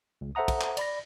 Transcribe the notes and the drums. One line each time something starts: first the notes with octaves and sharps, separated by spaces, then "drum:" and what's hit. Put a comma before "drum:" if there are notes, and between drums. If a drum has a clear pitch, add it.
C#2
A4 C5 E5 F#5 A#5 D#6
drum: kick, cymbal
drum: clap
D5 B5 A#6, drum: cymbal